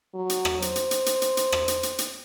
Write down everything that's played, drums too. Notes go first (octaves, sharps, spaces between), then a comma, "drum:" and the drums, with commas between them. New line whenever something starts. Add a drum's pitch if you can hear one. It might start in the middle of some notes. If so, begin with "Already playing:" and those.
F#3
drum: hi-hat
drum: rim click
C5, drum: hi-hat
drum: hi-hat
drum: hi-hat
drum: hi-hat
drum: hi-hat
drum: hi-hat
drum: rim click
drum: hi-hat
drum: hi-hat
drum: hi-hat